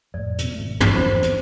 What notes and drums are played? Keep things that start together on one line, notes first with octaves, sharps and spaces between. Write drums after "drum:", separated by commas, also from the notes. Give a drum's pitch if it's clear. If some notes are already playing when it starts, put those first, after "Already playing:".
F2 A2 D5
B2, drum: hi-hat
G#1 A3
drum: tom
E2 A4 C5 B5
drum: hi-hat